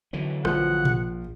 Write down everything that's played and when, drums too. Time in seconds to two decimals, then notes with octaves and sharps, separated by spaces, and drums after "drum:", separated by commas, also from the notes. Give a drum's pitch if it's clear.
0.13 D3 E3 F#3
0.45 A#1 F3 F#5, drum: rim click
0.85 drum: tom A#2